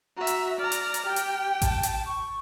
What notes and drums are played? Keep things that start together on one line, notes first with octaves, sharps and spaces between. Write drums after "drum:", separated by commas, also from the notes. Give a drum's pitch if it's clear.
F#4 E5 A#5
drum: hi-hat
D5 A#5 F6
drum: hi-hat
drum: hi-hat
G4 G5
drum: hi-hat
A5, drum: kick A1, hi-hat
drum: hi-hat
C#6